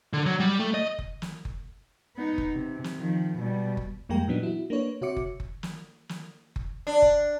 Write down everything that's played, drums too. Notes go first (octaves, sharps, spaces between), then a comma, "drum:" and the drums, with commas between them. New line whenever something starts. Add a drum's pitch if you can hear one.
D3
F#3
G3
A3
D#5
drum: kick F#1
drum: snare
drum: kick F#1
B3 D#4
drum: kick F#1
C3
drum: snare
D#3 F3
B2 G3
drum: kick F#1
F2 G3 G#3 A#3 A#4 G5
A#2 E3 F#3 B3 D4 D#4
E4 F#4
A#3 D4 B4 C#5
C3 F#4 C#5 E5 D6 C#7
drum: kick F#1
drum: kick F#1
drum: snare
drum: snare
drum: kick F#1
D4
drum: kick F#1